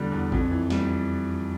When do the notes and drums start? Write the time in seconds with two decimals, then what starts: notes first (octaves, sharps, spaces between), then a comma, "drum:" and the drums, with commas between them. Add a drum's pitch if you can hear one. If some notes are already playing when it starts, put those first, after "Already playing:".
Already playing: E2 D3 G3 D5
0.12 E2
0.32 F2, drum: kick
0.51 E3
0.70 G3, drum: snare